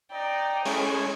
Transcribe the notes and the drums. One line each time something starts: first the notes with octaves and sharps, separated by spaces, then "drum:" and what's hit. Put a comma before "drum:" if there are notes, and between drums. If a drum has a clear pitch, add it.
D#4 D5 G5 A#5
G#3 C#4 E4 A4, drum: open hi-hat